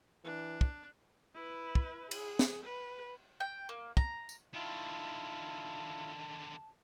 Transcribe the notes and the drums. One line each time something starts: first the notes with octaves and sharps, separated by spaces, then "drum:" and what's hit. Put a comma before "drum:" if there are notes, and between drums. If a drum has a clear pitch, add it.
E3 D4
drum: kick
E4 B4
drum: kick
G#4, drum: cymbal
drum: snare
B4
G5
A#3
A#5, drum: kick
drum: tambourine
D3 D#3 E4 F4 A5